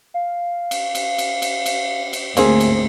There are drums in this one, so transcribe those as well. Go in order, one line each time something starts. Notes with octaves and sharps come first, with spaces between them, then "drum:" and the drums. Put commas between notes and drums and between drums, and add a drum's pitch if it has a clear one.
F5
drum: cymbal
drum: cymbal
drum: cymbal
drum: cymbal
drum: cymbal
drum: cymbal
D2 G#2 A#3 C4 G#4, drum: cymbal
drum: cymbal